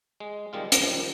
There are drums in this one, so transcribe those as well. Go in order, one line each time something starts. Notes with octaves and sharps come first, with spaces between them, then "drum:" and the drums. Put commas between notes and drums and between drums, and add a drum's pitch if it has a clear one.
G#3
D#3 G3 G#3 F4
D#3 F3 G3, drum: hi-hat